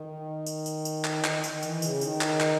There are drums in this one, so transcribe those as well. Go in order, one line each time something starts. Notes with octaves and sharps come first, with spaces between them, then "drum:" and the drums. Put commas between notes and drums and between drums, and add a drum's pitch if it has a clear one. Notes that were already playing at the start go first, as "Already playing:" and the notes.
Already playing: D#3
drum: tambourine
drum: tambourine
drum: tambourine
drum: clap
D#3, drum: clap
D#3, drum: tambourine
E3, drum: tambourine
C#3, drum: tambourine
D#3, drum: tambourine
drum: clap
drum: clap